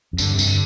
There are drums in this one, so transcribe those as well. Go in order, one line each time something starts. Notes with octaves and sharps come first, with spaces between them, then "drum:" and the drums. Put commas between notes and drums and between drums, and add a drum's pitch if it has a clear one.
F2
G2 D3, drum: tambourine
C3
G2, drum: tambourine
D3